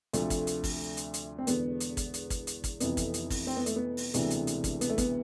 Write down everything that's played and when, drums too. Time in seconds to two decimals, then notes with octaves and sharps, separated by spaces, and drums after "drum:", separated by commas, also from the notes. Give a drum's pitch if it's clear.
0.13 D2 C3 F3 A3, drum: hi-hat
0.30 drum: kick, hi-hat
0.47 drum: hi-hat
0.64 drum: kick, open hi-hat
0.97 drum: hi-hat
1.14 drum: hi-hat
1.38 C4
1.47 E1 E2 D3 B3, drum: hi-hat
1.80 drum: hi-hat
1.97 drum: kick, hi-hat
2.14 drum: hi-hat
2.30 drum: kick, hi-hat
2.47 drum: hi-hat
2.64 drum: kick, hi-hat
2.80 F1 F2 C3 E3 B3, drum: hi-hat
2.97 drum: kick, hi-hat
3.14 drum: hi-hat
3.30 drum: kick, open hi-hat
3.47 C4
3.57 B3
3.66 A3, drum: hi-hat
3.76 B3
3.97 drum: open hi-hat
4.14 E1 D2 C3 E3, drum: hi-hat
4.30 drum: hi-hat
4.47 drum: hi-hat
4.64 drum: kick, hi-hat
4.81 B3, drum: hi-hat
4.89 A3
4.98 B3, drum: kick, hi-hat